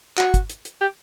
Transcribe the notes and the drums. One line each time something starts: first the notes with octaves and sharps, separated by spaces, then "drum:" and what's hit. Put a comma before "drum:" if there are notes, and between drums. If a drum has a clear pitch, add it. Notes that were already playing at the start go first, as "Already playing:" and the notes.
F#4, drum: clap
drum: kick, hi-hat
drum: hi-hat
drum: hi-hat
G4